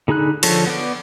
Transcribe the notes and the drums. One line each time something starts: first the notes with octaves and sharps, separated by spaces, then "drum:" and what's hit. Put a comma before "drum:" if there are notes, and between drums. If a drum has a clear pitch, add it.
D3 D#4 G#4 B5 F#6
D3 F3 A4 C5 C#5, drum: cymbal
B3 D5